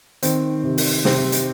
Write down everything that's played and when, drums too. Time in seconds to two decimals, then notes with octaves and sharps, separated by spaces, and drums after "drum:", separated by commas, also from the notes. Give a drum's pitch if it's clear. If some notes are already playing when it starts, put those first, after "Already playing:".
0.23 D#3 C4, drum: hi-hat
0.64 C3
0.78 drum: open hi-hat
1.05 C3 C4, drum: snare
1.32 drum: hi-hat